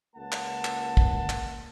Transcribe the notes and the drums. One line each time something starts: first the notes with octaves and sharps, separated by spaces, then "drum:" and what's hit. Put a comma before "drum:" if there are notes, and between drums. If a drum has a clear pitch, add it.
C#2 A#3 F#5 A5
drum: clap
drum: clap
drum: kick
drum: clap